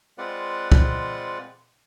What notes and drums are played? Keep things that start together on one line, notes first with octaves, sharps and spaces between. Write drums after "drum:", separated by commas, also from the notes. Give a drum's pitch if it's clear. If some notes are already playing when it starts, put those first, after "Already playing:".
G#3 C4 F4 B4 D5 F#5
drum: kick